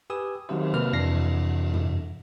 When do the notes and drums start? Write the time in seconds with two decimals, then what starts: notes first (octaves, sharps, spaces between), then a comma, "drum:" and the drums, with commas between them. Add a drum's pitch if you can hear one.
0.10 G4 B4 G#5 D#6 E6
0.49 D#3 F#3 C4 G4 C5, drum: cymbal
0.73 C3 A#3 B4 F6
0.93 F2 C3 E3 D4 A#6 C7
1.74 drum: tom